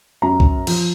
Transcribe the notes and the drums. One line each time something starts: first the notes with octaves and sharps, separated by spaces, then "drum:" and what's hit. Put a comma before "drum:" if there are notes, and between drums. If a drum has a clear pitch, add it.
F#2 A#5
drum: kick B1
F3, drum: cymbal